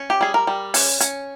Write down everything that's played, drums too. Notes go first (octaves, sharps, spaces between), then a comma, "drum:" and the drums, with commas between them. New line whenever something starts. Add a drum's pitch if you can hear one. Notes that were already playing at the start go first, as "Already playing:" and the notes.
Already playing: C#4
G4
G3 G#4
A#4
G3
C#4, drum: open hi-hat
C#4, drum: hi-hat